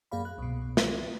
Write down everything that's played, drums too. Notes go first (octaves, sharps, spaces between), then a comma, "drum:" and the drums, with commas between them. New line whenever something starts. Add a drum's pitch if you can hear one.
F#2 A#3 G#4 D5 F5 B5
F#6
C2 B2
B4, drum: snare